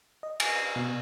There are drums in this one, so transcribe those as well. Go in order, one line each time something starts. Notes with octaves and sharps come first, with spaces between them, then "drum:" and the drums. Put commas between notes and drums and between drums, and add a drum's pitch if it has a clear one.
D#5
G#5, drum: cymbal
C7
B2